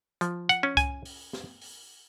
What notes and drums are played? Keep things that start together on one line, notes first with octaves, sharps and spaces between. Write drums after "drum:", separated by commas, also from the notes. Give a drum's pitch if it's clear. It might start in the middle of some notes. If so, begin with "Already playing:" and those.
F3, drum: hi-hat
F#5, drum: hi-hat
C#4
G#5, drum: kick C2, hi-hat
drum: open hi-hat
drum: snare
drum: open hi-hat